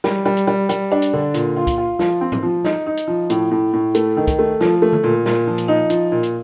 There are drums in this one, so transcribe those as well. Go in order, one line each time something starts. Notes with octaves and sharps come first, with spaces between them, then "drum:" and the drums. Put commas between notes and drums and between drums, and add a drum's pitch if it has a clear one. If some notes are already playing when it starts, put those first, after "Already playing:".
G3, drum: snare
G3
drum: hi-hat
G3
G3, drum: hi-hat
D4
drum: hi-hat
D3
A#2, drum: hi-hat
F4
drum: kick, hi-hat
F4
F3, drum: snare
C4
drum: tom
F3
D#4, drum: snare
D#4
drum: hi-hat
F3
A2, drum: hi-hat
A2
A2
A3, drum: hi-hat
D#3
drum: kick, hi-hat
A3
F3, drum: snare
A3
drum: tom D3
A#2
A#2, drum: snare
F3
drum: hi-hat
D#4
F3, drum: hi-hat
A#2
drum: hi-hat